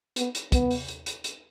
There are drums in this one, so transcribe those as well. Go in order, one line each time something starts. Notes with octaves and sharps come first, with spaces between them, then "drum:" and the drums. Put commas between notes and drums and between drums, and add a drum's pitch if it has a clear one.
B3, drum: hi-hat
drum: hi-hat
B3, drum: kick, hi-hat
drum: open hi-hat
drum: hi-hat
drum: hi-hat
drum: hi-hat